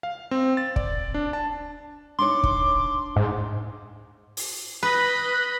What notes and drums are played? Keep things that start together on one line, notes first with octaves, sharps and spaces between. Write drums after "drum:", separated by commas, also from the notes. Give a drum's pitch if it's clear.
F5
C4
A6
D5, drum: kick
D4
A5
D4 D#4 C#5 C6 D6
drum: kick
G#2
drum: open hi-hat
B4 D#5 B5 F#6